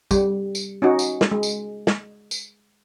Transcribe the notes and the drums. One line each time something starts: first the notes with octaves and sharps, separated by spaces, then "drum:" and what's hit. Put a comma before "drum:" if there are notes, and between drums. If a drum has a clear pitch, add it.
G3, drum: kick, tambourine
drum: tambourine
C#4 D#4 F#4
drum: tambourine
drum: snare
G#3
drum: tambourine
drum: snare
drum: tambourine